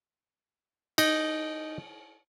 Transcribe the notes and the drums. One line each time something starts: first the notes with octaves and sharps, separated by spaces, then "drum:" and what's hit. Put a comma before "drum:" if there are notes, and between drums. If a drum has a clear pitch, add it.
D#4, drum: cymbal